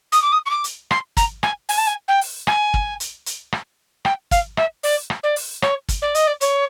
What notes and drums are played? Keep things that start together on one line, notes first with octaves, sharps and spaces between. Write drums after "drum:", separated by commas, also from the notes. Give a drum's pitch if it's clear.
D#6, drum: hi-hat
D6
D#6
C#6
D6
drum: hi-hat
C6, drum: rim click
A#5, drum: kick, hi-hat
G#5, drum: rim click
G#5, drum: open hi-hat
A5
G#5
G5
drum: open hi-hat
G#5, drum: rim click
drum: kick
drum: hi-hat
drum: hi-hat
drum: rim click
G5, drum: rim click
F5, drum: kick, hi-hat
E5, drum: rim click
D5, drum: open hi-hat
drum: rim click
D5
drum: open hi-hat
C#5, drum: rim click
drum: kick, hi-hat
D5
D#5, drum: hi-hat
D5
C#5, drum: hi-hat